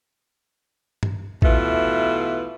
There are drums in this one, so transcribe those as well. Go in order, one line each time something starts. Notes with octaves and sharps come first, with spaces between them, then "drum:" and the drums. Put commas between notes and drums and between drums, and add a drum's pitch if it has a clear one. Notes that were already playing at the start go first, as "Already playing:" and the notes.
drum: tom G2
B2 E3 A3 F4, drum: kick A1